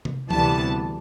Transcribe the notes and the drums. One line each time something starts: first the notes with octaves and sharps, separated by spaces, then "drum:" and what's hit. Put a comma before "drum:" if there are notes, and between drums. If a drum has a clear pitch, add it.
drum: tom C3
D2 C3 E3 G3 B3 A5, drum: tom E3